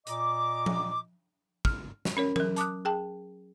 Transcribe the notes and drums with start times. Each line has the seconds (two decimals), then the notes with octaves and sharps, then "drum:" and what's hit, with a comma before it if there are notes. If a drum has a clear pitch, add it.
0.07 A#2 D#5 A#5 D6, drum: hi-hat
0.66 drum: tom F3
1.65 F6, drum: kick
2.05 drum: snare
2.17 C#4 A#4 C#5
2.36 F#3 A#4, drum: tom E3
2.56 A5 D6 D#6 F#6, drum: hi-hat
2.85 G#4 G5 A5